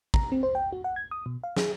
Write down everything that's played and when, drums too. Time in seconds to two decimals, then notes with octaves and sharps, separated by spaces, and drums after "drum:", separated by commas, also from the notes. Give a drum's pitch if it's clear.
0.14 A#5, drum: kick
0.32 C4
0.43 C5
0.55 G5
0.72 F#4
0.84 F#5
0.96 G#6
1.11 D#6
1.26 B2
1.44 F5
1.57 G#4, drum: snare